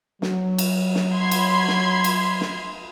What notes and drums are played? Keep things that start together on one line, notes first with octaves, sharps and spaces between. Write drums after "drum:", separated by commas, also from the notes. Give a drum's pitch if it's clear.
F#3, drum: snare
drum: cymbal
drum: snare
B5 C6 G#6
drum: cymbal
drum: snare
drum: cymbal
drum: snare